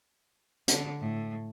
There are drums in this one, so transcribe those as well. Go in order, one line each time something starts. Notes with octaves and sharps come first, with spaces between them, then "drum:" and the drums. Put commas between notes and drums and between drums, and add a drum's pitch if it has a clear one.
D3, drum: hi-hat
A2